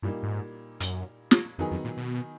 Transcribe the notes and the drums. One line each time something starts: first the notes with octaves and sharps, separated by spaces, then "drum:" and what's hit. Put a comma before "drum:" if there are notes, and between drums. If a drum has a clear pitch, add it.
G2 A#2 G3 A#3 D#4
G#2
F#2, drum: hi-hat
drum: snare
F2 D#3 F#3 B3 D#4 G#4
F2
A#2
B2